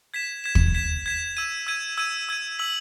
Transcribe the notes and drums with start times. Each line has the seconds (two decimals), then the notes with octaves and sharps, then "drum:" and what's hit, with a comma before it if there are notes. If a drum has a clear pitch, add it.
0.14 G#6 B6 E7
0.44 G#6 B6 E7
0.55 drum: kick
0.74 G#6 B6 E7
1.06 G#6 B6 E7
1.37 E6 G#6 D#7
1.67 E6 G#6 D#7
1.98 E6 G#6 D#7
2.29 E6 G#6 D#7
2.59 E6 B6 F#7